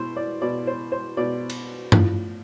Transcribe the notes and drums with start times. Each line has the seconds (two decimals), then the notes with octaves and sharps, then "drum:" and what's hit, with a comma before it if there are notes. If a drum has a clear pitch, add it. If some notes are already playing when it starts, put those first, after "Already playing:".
Already playing: B2 E4 C5
0.16 D5
0.42 B2 D5
0.67 C5
0.92 C5
1.17 B2 D5
1.50 drum: cymbal
1.92 A2 F3, drum: tom G2